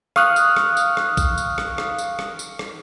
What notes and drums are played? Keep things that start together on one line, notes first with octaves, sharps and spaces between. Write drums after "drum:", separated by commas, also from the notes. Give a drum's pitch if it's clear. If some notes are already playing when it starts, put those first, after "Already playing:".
F5 C#6 D#6 F6 F#6, drum: rim click
drum: tambourine
drum: rim click
drum: tambourine
drum: rim click
drum: kick, tambourine
drum: tambourine
drum: rim click
drum: rim click
drum: tambourine
drum: rim click
drum: tambourine
drum: rim click